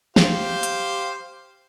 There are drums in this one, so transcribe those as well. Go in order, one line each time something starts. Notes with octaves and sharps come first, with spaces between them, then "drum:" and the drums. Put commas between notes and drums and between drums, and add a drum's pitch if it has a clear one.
G4 C5 F5, drum: snare
drum: hi-hat